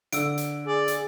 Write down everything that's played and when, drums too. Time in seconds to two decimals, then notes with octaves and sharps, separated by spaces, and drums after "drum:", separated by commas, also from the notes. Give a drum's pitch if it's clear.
0.13 D3 E6 D7, drum: hi-hat
0.38 drum: hi-hat
0.66 G#4 D5
0.88 drum: hi-hat